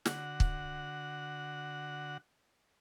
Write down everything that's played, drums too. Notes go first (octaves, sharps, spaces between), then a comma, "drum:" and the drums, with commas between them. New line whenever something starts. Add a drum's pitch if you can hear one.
D3 F#4 F#5, drum: snare
drum: kick